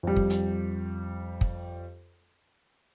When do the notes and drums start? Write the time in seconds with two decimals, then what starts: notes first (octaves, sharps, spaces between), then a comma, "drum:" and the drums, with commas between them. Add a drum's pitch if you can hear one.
0.03 F2 G3
0.16 drum: kick
0.30 drum: hi-hat
1.41 drum: kick